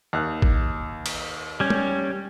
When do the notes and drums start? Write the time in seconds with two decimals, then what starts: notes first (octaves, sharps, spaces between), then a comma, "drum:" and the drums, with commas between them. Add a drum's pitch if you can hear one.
0.13 D#2 F#6
0.42 drum: kick G#1
1.06 drum: cymbal
1.60 G3 C#4
1.70 drum: tom